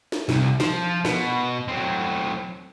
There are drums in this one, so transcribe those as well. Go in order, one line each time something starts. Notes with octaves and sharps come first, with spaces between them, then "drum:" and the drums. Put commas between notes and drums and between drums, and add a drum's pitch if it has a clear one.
drum: snare
C2, drum: snare
F3, drum: snare
B2, drum: snare
F#3 C4